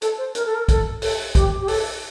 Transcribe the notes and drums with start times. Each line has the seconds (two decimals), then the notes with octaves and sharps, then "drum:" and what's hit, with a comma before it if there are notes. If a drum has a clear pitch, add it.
0.02 A4, drum: hi-hat
0.18 C5
0.35 A#4, drum: hi-hat
0.46 A4
0.55 A#4
0.68 A4, drum: kick, hi-hat
1.02 A4, drum: open hi-hat
1.35 G4, drum: kick, hi-hat
1.61 G4
1.68 A4, drum: open hi-hat